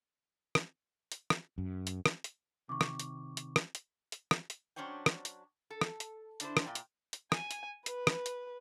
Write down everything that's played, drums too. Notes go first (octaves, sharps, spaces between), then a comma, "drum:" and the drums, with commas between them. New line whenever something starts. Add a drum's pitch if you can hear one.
drum: rim click
drum: hi-hat
drum: rim click
F#2
drum: hi-hat
drum: rim click
drum: hi-hat
C3 D#3 C#6 D6
drum: rim click
drum: hi-hat
drum: hi-hat
drum: rim click
drum: hi-hat
drum: hi-hat
drum: rim click
drum: hi-hat
F#3 C#4 D4 C5 C#5 G5
drum: rim click
drum: hi-hat
A4
drum: rim click
drum: hi-hat
D3 D4 E4 C5, drum: hi-hat
drum: rim click
A#2 D5 G5
drum: hi-hat
drum: hi-hat
G#5, drum: rim click
drum: hi-hat
B4, drum: hi-hat
drum: rim click
drum: hi-hat